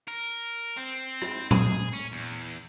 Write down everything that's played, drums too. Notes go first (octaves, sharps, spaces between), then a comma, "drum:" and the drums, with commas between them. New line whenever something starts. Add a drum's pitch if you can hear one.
A#4
C4
drum: rim click
G#4, drum: tom A#2
C#4
E2